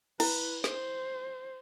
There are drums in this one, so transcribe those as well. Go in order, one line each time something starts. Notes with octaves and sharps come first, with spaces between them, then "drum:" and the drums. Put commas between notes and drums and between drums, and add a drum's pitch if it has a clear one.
E4 B4, drum: cymbal
C5, drum: snare